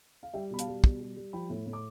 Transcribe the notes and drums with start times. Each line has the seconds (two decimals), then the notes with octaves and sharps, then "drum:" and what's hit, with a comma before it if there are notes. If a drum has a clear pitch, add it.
0.23 F5
0.33 G3 E5 G5
0.51 B2 B5
0.59 F5 A5, drum: hi-hat
0.68 G3
0.84 B2, drum: kick
1.01 G3
1.17 G3
1.33 F3 G5 B5
1.50 A2
1.66 A2
1.73 D6